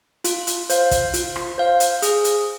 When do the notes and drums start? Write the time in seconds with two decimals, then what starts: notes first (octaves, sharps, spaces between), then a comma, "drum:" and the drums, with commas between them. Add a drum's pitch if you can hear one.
0.24 F4, drum: hi-hat
0.47 drum: hi-hat
0.70 C5 F5, drum: hi-hat
0.91 drum: kick, hi-hat
1.14 F4, drum: hi-hat
1.36 drum: rim click
1.58 C5 F5
1.80 drum: hi-hat
2.02 G#4, drum: hi-hat
2.24 drum: hi-hat